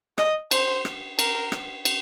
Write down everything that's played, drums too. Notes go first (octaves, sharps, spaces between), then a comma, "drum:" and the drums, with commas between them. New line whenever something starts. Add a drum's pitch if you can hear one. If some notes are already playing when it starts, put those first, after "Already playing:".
D#5, drum: rim click
C5, drum: cymbal
drum: rim click
A#4, drum: cymbal
drum: rim click
drum: cymbal